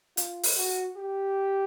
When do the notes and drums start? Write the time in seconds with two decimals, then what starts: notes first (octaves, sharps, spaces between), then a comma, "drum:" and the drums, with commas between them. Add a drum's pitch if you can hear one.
0.17 F4, drum: hi-hat
0.43 drum: open hi-hat
0.57 F#4
0.97 G4